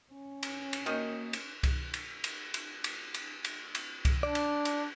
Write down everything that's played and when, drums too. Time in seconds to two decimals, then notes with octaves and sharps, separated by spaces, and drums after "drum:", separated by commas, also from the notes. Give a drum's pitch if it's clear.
0.12 C#4
0.43 drum: cymbal
0.73 drum: cymbal
0.86 D#3 A#3 D#4 F#4 D#5
1.33 drum: cymbal
1.63 drum: kick C2, cymbal
1.94 drum: cymbal
2.24 drum: cymbal
2.54 drum: cymbal
2.84 drum: cymbal
3.14 drum: cymbal
3.45 drum: cymbal
3.75 drum: cymbal
4.05 drum: kick C2, cymbal
4.23 D4 D5
4.35 drum: cymbal
4.65 drum: cymbal